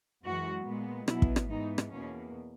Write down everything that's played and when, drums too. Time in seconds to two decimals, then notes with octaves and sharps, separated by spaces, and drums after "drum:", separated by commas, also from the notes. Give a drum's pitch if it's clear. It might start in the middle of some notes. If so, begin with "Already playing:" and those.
0.24 F#2 E3 G#3 F#4
0.66 A#2 G#3 B3
1.08 B2 F#3 B3 E4, drum: rim click
1.22 drum: kick
1.36 drum: rim click
1.50 G#2 E3 G#3 B3 D#4
1.78 drum: rim click
1.92 E2 B2 A#3 C#4